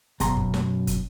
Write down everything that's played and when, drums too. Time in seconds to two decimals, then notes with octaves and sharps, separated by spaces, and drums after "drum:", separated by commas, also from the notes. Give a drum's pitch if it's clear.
0.20 F#2 B2 A#5 C6, drum: kick, hi-hat
0.37 drum: kick
0.54 drum: snare
0.87 drum: kick, hi-hat